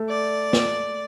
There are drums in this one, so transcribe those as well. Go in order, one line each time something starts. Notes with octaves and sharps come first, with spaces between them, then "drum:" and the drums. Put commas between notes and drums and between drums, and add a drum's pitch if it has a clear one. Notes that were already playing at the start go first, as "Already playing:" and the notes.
Already playing: A3
D5
drum: snare